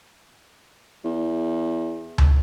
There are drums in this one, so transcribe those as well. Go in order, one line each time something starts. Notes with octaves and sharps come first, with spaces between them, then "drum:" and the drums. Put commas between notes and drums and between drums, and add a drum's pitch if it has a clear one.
E2
drum: tom C#2